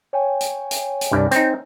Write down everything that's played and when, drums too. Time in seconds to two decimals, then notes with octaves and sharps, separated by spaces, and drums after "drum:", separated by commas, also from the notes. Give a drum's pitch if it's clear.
0.13 C#5 G5 G#5
0.41 drum: hi-hat
0.71 drum: hi-hat
1.01 drum: hi-hat
1.11 C2 G2 D5
1.31 C4 D#4, drum: hi-hat